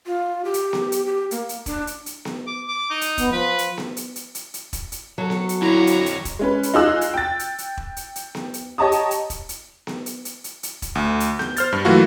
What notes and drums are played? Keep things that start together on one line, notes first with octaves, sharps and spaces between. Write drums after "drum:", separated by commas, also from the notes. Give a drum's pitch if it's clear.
F4
G4
drum: hi-hat
drum: snare B3
drum: hi-hat
G4
A#3, drum: hi-hat
drum: hi-hat
D4, drum: kick E1, hi-hat
drum: hi-hat
drum: hi-hat
drum: snare B3
D6
D6
D#4
drum: hi-hat
B3, drum: kick E1, hi-hat
F3 B4
drum: hi-hat
drum: snare B3
drum: hi-hat
drum: hi-hat
drum: hi-hat
drum: hi-hat
drum: kick E1, hi-hat
drum: hi-hat
F#3 A4
drum: snare B3
drum: hi-hat
F2 D3 E4 C#5 A#5
drum: hi-hat
drum: hi-hat
drum: kick E1, hi-hat
G#3 C#4 B4
drum: hi-hat
D#4 F4 G#4 E6 F#6
drum: hi-hat
G5 A6
drum: hi-hat
drum: hi-hat
drum: kick E1
drum: hi-hat
drum: hi-hat
drum: snare B3
drum: hi-hat
G4 C#5 D#5 A5 A#5 D#6
drum: hi-hat
drum: hi-hat
drum: kick E1, hi-hat
drum: hi-hat
drum: snare B3
drum: hi-hat
drum: hi-hat
drum: hi-hat
drum: hi-hat
drum: kick E1, hi-hat
D2
drum: hi-hat
G6, drum: snare B3
C5 F6 A6, drum: hi-hat
G2
E3 F#3 A3 A#3 F4 F#4